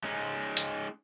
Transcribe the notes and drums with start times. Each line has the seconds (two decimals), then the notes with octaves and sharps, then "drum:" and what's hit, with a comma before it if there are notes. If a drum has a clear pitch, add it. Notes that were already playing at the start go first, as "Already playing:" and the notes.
0.04 G#3 C#4 D#4
0.57 drum: hi-hat